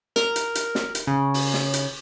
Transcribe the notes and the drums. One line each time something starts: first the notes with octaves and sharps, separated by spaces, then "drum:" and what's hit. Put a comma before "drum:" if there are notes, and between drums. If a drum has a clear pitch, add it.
A#4, drum: snare
drum: hi-hat
drum: hi-hat
drum: snare
drum: hi-hat
C#3
drum: open hi-hat
drum: snare
drum: hi-hat